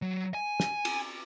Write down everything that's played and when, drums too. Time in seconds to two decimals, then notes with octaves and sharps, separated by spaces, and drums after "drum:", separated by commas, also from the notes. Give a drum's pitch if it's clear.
0.02 F#3
0.34 G#5
0.60 drum: snare
0.85 drum: cymbal